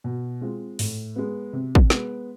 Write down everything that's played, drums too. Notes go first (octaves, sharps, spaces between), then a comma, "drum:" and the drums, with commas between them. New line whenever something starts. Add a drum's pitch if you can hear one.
B2
G#3 C4 F4
A2, drum: open hi-hat
G#3 B3
C3
drum: kick
G#3 B3, drum: snare